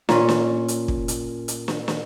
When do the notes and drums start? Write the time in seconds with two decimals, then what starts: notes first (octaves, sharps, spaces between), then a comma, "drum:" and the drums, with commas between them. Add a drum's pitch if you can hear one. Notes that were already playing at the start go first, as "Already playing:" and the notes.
0.09 A#2 C#4, drum: snare
0.29 drum: snare
0.68 drum: hi-hat
0.88 drum: kick
1.08 drum: hi-hat
1.48 drum: hi-hat
1.68 drum: snare
1.88 drum: snare